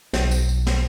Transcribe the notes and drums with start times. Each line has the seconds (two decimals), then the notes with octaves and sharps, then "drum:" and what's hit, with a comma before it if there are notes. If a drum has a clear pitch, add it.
0.13 B1, drum: snare
0.31 drum: tambourine
0.49 drum: tambourine
0.67 drum: snare